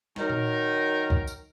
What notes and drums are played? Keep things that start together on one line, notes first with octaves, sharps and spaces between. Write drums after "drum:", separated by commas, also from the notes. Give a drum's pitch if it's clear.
D#3 F#3 D#4 A#4, drum: snare
drum: tom A#2
drum: kick C2
drum: tambourine